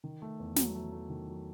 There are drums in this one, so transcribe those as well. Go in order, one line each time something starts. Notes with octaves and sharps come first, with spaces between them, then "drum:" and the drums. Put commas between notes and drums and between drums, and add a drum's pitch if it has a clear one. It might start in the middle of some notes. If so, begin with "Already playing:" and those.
D#3
A3
E2
F#3, drum: snare
A3
A3
D#3
F#3